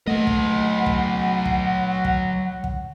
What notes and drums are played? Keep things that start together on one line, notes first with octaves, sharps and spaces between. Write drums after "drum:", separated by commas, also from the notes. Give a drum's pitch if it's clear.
F#3 A3 D#5 F#5
drum: kick
drum: kick
drum: kick
drum: kick
drum: kick